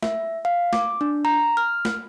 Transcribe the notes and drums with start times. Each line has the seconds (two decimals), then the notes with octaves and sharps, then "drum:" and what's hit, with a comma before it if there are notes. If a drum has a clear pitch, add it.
0.03 E5, drum: snare
0.45 F5
0.73 D6, drum: snare
1.01 D4
1.25 A#5
1.57 F6
1.85 drum: snare